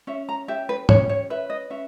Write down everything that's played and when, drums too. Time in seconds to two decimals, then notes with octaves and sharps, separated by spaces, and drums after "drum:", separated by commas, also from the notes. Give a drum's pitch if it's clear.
0.07 C#4 E5
0.29 A#5
0.48 G4 E5
0.69 B4
0.89 C#4 C#5, drum: tom
1.09 C#5
1.30 B4 E5
1.50 D#5
1.70 C#4 E5